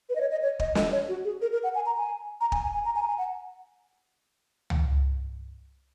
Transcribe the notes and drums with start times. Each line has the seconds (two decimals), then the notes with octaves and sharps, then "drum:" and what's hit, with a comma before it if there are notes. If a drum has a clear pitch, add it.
0.09 B4
0.15 D#5
0.21 C#5
0.31 D#5
0.42 C#5
0.60 D#5, drum: kick
0.75 D#5, drum: snare
0.92 C#5
1.09 F#4
1.25 G#4
1.42 A#4
1.53 A#4
1.64 F#5
1.75 G#5
1.86 A#5
1.97 G#5
2.41 A#5
2.52 G#5, drum: kick
2.63 G#5
2.74 G#5
2.85 A#5
2.96 G#5
3.02 A#5
3.08 G#5
3.18 F#5
4.70 drum: tom